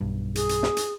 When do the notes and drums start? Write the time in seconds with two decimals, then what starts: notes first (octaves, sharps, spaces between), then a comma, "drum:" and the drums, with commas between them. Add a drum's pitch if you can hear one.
0.01 B1 G2
0.35 G#4, drum: hi-hat
0.49 drum: hi-hat
0.63 drum: snare
0.77 drum: hi-hat